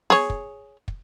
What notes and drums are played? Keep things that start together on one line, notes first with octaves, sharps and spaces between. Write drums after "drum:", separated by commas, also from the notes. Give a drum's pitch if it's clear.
G#4 C#5, drum: snare B3
drum: kick
drum: kick